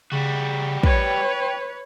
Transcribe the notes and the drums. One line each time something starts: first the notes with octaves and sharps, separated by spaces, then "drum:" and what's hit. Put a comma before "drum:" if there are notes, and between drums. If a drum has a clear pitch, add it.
C#3 G3 F#4
B4 C#5 G5, drum: kick